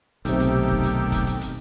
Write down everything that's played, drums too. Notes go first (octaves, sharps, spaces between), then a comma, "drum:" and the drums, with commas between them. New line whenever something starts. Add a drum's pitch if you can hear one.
B1 C3 D#3 A3 G4, drum: hi-hat
drum: hi-hat
drum: kick
drum: hi-hat
drum: kick, hi-hat
drum: hi-hat
drum: hi-hat